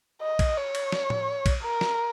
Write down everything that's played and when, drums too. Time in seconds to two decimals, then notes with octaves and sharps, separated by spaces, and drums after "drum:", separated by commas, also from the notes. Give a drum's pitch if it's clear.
0.22 D#5
0.39 drum: kick, cymbal
0.57 C#5
0.75 drum: cymbal
0.92 drum: snare
1.10 drum: tom A2
1.46 drum: kick, cymbal
1.63 A#4
1.81 drum: snare